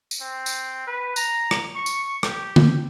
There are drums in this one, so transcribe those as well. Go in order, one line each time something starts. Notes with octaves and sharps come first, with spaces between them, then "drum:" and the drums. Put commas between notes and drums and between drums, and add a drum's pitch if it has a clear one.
drum: tambourine
C4
drum: tambourine
B4
A#5, drum: tambourine
drum: rim click
C#6
drum: tambourine
G4, drum: rim click
drum: tom